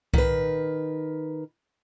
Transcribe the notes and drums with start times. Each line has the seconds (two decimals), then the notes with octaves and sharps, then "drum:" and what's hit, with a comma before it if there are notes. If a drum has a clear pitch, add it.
0.14 D#3 B4, drum: kick C2